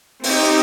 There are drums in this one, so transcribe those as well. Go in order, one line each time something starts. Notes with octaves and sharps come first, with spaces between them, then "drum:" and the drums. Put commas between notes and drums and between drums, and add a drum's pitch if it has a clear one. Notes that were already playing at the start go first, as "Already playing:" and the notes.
C4 D#4 G4, drum: open hi-hat